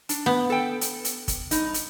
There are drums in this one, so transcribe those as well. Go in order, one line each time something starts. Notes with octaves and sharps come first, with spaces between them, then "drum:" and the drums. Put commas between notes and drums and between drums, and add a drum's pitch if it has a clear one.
D4, drum: hi-hat
B3
A4 G5
drum: hi-hat
drum: hi-hat
drum: kick G1, hi-hat
G2 D#4, drum: hi-hat
drum: hi-hat